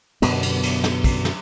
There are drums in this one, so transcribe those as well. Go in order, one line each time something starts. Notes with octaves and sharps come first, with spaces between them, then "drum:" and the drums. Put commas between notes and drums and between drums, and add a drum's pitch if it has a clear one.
F#2 B2 D3 B3, drum: cymbal
drum: cymbal
drum: cymbal
drum: snare
drum: kick, cymbal
drum: snare